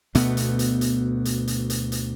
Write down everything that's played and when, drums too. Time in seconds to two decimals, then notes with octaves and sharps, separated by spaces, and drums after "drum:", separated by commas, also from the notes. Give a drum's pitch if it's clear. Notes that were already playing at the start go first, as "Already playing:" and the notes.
0.15 D2 B2 A3 B3, drum: hi-hat
0.37 drum: hi-hat
0.59 drum: hi-hat
0.81 drum: hi-hat
1.25 drum: hi-hat
1.47 drum: hi-hat
1.70 drum: hi-hat
1.92 drum: hi-hat